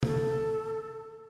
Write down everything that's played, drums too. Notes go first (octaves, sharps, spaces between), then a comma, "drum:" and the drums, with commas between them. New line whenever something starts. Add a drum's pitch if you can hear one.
A4, drum: tom